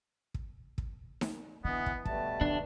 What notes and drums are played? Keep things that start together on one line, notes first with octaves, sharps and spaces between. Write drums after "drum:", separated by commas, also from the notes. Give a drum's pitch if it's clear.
drum: kick
drum: kick
drum: snare D#4
D3 E3 B3 D#5 F#5
drum: kick
B2 D3 G3 A3 A5, drum: kick
D3 D4